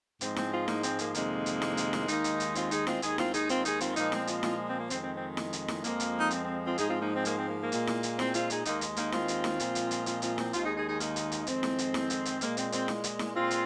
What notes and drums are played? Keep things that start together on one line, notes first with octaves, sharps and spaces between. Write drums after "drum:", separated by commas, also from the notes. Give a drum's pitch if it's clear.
G#2 F3 G#3 C4, drum: hi-hat
C4, drum: snare E4
C4 F4
A#3 D#4, drum: snare E4
C4, drum: hi-hat
A#3, drum: hi-hat
F2 C3 D#3 G#3 A#3 D#4, drum: hi-hat
drum: hi-hat
drum: snare E4
drum: hi-hat
drum: snare E4
D#2 D#3 G#3 A#3 D#4, drum: hi-hat
drum: hi-hat
drum: hi-hat
C4 F4, drum: hi-hat
D#4 G#4, drum: hi-hat
C4 F4, drum: snare E4
D#2 D#3 G#3 D#4 G#4, drum: hi-hat
C4 F4, drum: snare E4
D#4 G#4, drum: hi-hat
C4 F4, drum: hi-hat
D#4 G#4, drum: hi-hat
C4 F4, drum: hi-hat
A#2 F3 G#3 A#3 D#4, drum: hi-hat
C4, drum: snare E4
C4 F4, drum: hi-hat
C4 F4, drum: snare E4
C4
A#3
F2 D#3 G#3 C4, drum: hi-hat
C4
C4
drum: snare E4
drum: hi-hat
drum: snare E4
F2 F3 G#3 A#3, drum: hi-hat
drum: hi-hat
D#4
C4, drum: hi-hat
C4
C4 F4
G#2 F3 G#3 D#4 G#4, drum: hi-hat
C4 F4
A#3 D#4
C4
A#3, drum: hi-hat
C4
A#3
A#3
A#2 G#3, drum: hi-hat
drum: snare E4
drum: hi-hat
C4, drum: snare E4
C4 F4, drum: hi-hat
D#4 G#4, drum: hi-hat
D#2 D#3 G#3 A#3 D#4, drum: hi-hat
drum: hi-hat
A#3 D#4, drum: hi-hat
C4 F4, drum: snare E4
drum: hi-hat
drum: snare E4
A#2 F3 G#3, drum: hi-hat
drum: hi-hat
drum: hi-hat
C4 F4, drum: hi-hat
C4 F4, drum: hi-hat
C4, drum: snare E4
D#2 D#3 G#3 C4 F4, drum: hi-hat
D#4 G#4
D#4 G#4
D#4 G#4
A#3 D#4, drum: hi-hat
drum: hi-hat
drum: hi-hat
F2 D#3 G#3 C4, drum: hi-hat
drum: snare E4
drum: hi-hat
drum: snare E4
drum: hi-hat
drum: hi-hat
A#2 G#3 A#3, drum: hi-hat
C4, drum: hi-hat
C4, drum: hi-hat
drum: snare E4
drum: hi-hat
drum: snare E4
A#2 G#3 C4 F4
drum: hi-hat